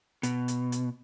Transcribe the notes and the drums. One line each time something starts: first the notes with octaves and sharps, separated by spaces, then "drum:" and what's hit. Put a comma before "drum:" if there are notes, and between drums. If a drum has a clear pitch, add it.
B2, drum: hi-hat
drum: hi-hat
drum: hi-hat